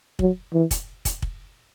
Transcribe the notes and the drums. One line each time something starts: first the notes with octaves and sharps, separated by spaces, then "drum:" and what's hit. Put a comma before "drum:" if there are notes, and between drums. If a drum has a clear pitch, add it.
F#3, drum: kick
E3
drum: kick, hi-hat
drum: kick, hi-hat
drum: kick